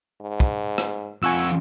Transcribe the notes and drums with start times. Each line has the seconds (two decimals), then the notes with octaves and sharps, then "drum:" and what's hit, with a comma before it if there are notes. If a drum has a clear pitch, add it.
0.21 G#2
0.40 drum: kick
0.78 drum: rim click
1.23 F2 F4 F#5 G#5 C#6 E6